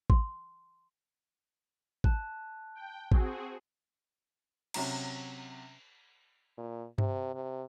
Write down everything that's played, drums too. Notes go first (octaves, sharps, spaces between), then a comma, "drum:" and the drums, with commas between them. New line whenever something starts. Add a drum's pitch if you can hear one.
C6, drum: kick
A5 F#6, drum: kick
G5
C4 F#4 G#4, drum: kick
C3 F#3 C#4 A#5, drum: cymbal
A#2
C3, drum: tom G2
C3